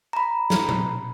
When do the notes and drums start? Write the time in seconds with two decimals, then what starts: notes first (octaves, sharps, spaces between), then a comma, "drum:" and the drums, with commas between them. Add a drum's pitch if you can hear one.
0.13 A#5 B5
0.50 drum: snare
0.69 drum: tom A#2